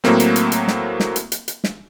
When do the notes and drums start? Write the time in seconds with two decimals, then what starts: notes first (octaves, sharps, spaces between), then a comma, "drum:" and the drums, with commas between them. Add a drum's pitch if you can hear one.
0.04 A2 F#3 A3 A#3 C4, drum: snare
0.20 drum: hi-hat
0.36 drum: hi-hat
0.52 drum: hi-hat
0.68 drum: snare
1.00 drum: snare
1.16 drum: hi-hat
1.32 drum: hi-hat
1.48 drum: hi-hat
1.64 drum: snare